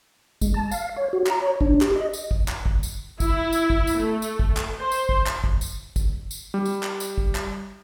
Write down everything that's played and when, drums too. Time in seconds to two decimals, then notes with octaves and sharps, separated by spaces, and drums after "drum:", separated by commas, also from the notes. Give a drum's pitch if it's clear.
0.42 G#3, drum: kick, tambourine
0.54 A5
0.71 F5, drum: tambourine
0.96 C#5
1.13 F#4
1.27 A#5, drum: clap
1.40 C#5
1.61 D4, drum: kick
1.81 G4, drum: clap
1.96 D#5
2.13 drum: tambourine
2.31 drum: kick
2.48 drum: clap
2.66 drum: kick
2.83 drum: tambourine
3.20 E4, drum: kick, tambourine
3.53 drum: tambourine
3.70 drum: kick
3.87 drum: tambourine
3.98 A3
4.22 drum: tambourine
4.39 drum: kick
4.57 drum: clap
4.79 C5
4.92 drum: tambourine
5.09 drum: kick
5.26 drum: clap
5.44 drum: kick
5.61 drum: tambourine
5.96 drum: kick, tambourine
6.31 drum: tambourine
6.54 G3
6.65 drum: tambourine
6.83 drum: clap
7.00 drum: tambourine
7.18 drum: kick
7.35 drum: clap